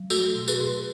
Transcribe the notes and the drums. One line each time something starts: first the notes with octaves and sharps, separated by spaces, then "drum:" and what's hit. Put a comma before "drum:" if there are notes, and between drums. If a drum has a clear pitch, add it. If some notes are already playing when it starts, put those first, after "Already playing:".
Already playing: F#3
A3 F#4 A4, drum: tambourine
B2
G#4 B4, drum: tambourine
B2